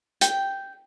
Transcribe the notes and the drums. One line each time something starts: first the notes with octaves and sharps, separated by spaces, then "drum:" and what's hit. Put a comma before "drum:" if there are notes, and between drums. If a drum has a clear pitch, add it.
G5, drum: hi-hat